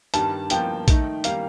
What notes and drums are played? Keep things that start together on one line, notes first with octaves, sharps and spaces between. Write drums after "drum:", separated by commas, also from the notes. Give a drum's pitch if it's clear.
G2 D#3 G3 A5, drum: hi-hat
G2 F3 A#3 G5, drum: hi-hat
D#3 A3 D#4, drum: kick A#1, hi-hat
D#3 G3 A#3 F5, drum: hi-hat